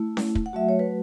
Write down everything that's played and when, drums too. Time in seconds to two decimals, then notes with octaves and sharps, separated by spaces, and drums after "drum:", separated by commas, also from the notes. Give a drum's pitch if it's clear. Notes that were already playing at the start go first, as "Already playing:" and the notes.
Already playing: A3 E4
0.17 drum: snare C#4
0.35 drum: kick
0.46 F#5
0.53 F#3 A3 F#4 E5
0.69 C#5
0.79 B4